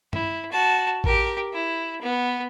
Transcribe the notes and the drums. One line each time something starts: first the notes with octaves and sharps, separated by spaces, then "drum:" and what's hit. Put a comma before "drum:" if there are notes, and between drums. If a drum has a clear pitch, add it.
E4, drum: tom
F#4 A5
G4 A#4, drum: kick A1
E4
B3